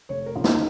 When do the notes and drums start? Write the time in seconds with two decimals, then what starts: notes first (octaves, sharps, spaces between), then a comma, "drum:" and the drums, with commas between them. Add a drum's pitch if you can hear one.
0.09 F1 C#5
0.26 A#4
0.35 D#2 C#3 F3
0.44 D#4, drum: snare